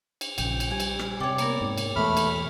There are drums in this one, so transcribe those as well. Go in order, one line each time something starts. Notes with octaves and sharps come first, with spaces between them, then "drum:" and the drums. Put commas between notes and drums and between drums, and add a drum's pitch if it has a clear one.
drum: cymbal
A#1 C#3 G5, drum: cymbal
drum: cymbal
G3 G#5
drum: cymbal
drum: rim click
C3 C#5 D5 G5 D6
A#3 B3 A#4, drum: cymbal
G#2
drum: cymbal
E2 B2 A3 B5 F6
drum: cymbal